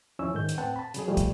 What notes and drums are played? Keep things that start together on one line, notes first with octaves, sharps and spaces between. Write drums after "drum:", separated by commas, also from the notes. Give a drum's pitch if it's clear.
D#2 F3 C#4 E4 E6
G#2 D#3 C#4 G6
drum: hi-hat
A2 C4 B4 F#5 G5 A5
A5 B5
C#3 F#3 G#4, drum: hi-hat
F3 G3 A3
drum: kick, hi-hat